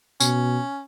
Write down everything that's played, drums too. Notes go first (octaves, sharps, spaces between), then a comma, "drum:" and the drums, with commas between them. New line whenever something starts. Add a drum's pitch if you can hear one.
B2 C#4, drum: tambourine